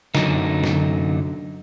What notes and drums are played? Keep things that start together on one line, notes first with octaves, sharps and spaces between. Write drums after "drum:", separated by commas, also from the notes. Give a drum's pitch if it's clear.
F#2 D3 F#3 D#4, drum: snare
drum: snare